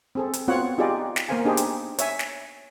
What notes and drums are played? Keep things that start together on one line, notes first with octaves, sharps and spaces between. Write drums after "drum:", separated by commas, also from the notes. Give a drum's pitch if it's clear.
C4 G#4 A4
drum: hi-hat
B3 C4 F4 F#4 C#5 F#5
D#4 F4 G4 G#4 D5 D#5
drum: snare
A#3 B3 A#4 C5 F5 G#5
D4 D#4 G4 G#4 C5
drum: hi-hat
C#5 E5 G#5, drum: hi-hat
drum: snare